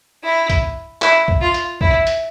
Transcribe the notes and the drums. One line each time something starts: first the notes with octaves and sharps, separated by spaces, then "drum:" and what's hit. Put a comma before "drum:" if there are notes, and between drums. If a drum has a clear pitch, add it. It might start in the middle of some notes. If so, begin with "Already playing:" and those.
E4
drum: kick B1, hi-hat
E4, drum: clap
drum: kick B1
F4
drum: hi-hat
E4, drum: kick B1
drum: hi-hat